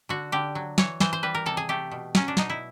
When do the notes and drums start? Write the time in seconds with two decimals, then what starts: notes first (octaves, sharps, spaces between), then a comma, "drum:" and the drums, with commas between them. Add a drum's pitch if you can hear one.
0.09 D3 F#4
0.32 D3 G4
0.55 F#3
0.78 E3 C#5, drum: snare
1.00 E3 C5, drum: snare
1.13 C5
1.23 G3 B4
1.35 A#4
1.46 C3 A4
1.57 G#4
1.69 A3 G4
1.91 B2
2.15 F#3 C#4, drum: snare
2.28 D4
2.37 B2 D#4, drum: snare
2.50 E4